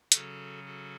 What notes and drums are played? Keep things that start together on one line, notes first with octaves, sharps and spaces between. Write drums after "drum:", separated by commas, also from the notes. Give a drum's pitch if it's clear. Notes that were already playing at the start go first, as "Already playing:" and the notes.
C#3 F#3 C#4 F#4 A4, drum: hi-hat
F#4 A4